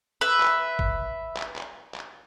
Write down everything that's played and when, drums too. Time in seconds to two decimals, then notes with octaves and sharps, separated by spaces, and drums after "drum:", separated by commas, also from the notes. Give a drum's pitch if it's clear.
0.21 B4 E5
0.41 drum: clap
0.79 drum: kick
1.37 drum: clap
1.56 drum: clap
1.95 drum: clap